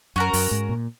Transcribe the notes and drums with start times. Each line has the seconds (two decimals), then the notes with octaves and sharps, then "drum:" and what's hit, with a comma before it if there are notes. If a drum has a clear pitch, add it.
0.16 F#2 C#4 F#4 A#4
0.33 F#2, drum: open hi-hat
0.51 G#2
0.69 A#2